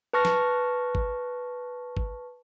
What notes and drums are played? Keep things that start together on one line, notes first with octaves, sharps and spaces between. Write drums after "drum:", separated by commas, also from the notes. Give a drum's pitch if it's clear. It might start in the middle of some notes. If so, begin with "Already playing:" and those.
B4 A5 C#6 F6 A#6
drum: snare
drum: kick
drum: kick